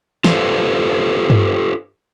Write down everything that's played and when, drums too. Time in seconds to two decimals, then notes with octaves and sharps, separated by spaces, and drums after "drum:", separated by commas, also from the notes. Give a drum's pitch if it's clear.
0.24 F4 G4 A4 B4 C5 F5, drum: snare
1.30 drum: tom G2